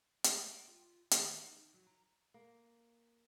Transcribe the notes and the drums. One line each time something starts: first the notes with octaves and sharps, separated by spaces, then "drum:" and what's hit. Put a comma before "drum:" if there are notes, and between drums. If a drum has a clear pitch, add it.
G#3, drum: hi-hat
G5
F4
D#3, drum: hi-hat
D#4
F#3
A#5
A#3